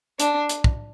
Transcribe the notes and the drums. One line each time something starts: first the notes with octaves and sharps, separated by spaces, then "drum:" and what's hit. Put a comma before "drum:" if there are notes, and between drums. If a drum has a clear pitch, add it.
D4, drum: hi-hat
drum: hi-hat
drum: kick